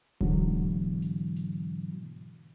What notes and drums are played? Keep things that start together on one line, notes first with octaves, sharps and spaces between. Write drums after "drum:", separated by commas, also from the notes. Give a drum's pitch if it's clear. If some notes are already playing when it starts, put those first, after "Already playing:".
G#2 B2 D3 E3 F#3, drum: kick D1
drum: hi-hat
drum: hi-hat